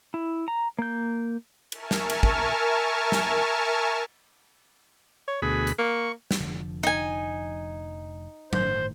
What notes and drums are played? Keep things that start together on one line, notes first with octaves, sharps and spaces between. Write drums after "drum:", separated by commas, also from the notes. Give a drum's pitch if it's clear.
E4
A#5
A#3 G6
A#4 E5 G#5 A5 C#6 F6, drum: cymbal
drum: snare
drum: cymbal
drum: kick
drum: snare
C#5
D2 B2 G#4 B5
drum: hi-hat
A#3 C#6
drum: snare
F1 D3 F3
D#4 G#5
G1 A2 D#3 C5, drum: tom F#3